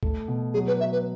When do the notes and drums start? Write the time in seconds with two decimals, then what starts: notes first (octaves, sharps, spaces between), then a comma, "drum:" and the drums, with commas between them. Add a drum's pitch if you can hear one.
0.03 A3, drum: kick C#2
0.28 B2
0.54 F#3 G#4
0.67 B4
0.80 F#4 E5
0.92 B4